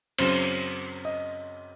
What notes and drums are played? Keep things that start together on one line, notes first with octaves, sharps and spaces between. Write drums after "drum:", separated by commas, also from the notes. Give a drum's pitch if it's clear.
F#2 C#3 F#3 C4 C5, drum: cymbal
D#5